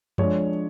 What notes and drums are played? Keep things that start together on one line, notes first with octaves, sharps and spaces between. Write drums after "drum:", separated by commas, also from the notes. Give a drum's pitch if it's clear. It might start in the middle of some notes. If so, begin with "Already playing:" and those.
F3 G#3 D4 C#5, drum: tom F#2